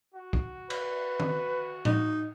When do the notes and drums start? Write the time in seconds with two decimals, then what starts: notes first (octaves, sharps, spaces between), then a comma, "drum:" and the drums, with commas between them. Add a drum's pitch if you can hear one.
0.14 F#4
0.33 drum: kick
0.70 B4, drum: cymbal
1.20 drum: tom D#3
1.85 D#4, drum: tom A2